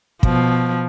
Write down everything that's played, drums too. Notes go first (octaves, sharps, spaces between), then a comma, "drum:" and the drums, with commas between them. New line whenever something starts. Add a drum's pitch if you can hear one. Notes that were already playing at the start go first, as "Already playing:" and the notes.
B2 F3, drum: kick